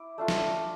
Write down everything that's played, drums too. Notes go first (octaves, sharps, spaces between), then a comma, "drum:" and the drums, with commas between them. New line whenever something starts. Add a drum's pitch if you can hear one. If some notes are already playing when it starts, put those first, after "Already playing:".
Already playing: E4 D6
A3 D4 F4
drum: snare